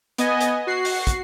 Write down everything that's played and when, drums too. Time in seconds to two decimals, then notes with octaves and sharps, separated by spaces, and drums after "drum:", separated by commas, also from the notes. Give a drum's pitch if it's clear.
0.18 B3 D#5 G#5, drum: hi-hat
0.41 drum: hi-hat
0.67 F#4 C7
0.85 drum: open hi-hat
1.07 drum: kick, hi-hat